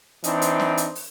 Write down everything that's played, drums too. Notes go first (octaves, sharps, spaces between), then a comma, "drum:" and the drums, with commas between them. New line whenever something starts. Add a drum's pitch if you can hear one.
E3 C4 D4 D#4, drum: hi-hat
drum: hi-hat
drum: snare
drum: hi-hat
drum: open hi-hat